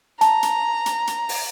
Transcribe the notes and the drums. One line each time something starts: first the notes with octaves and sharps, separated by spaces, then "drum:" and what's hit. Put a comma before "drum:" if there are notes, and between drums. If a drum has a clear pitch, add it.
A5 A#5, drum: hi-hat
drum: hi-hat
drum: hi-hat
drum: hi-hat
drum: open hi-hat